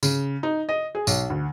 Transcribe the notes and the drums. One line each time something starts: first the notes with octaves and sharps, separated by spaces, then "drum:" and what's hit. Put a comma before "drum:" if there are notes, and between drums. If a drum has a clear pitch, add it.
C#3, drum: tambourine
D#4
D#5
G#4
B1, drum: tambourine
D2